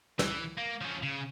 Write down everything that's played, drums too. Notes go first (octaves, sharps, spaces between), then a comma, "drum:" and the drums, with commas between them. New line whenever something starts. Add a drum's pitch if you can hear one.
E3, drum: snare
A#3
F3 C#4
C#3